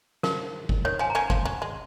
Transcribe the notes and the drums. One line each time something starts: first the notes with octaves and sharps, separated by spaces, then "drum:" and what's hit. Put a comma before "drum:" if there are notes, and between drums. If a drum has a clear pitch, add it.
F3 A#4, drum: snare
drum: kick F1
D#3 C#5
F3 G#5
A#5
A#3 C#4 G#5
F3, drum: kick F1
F#3
G#3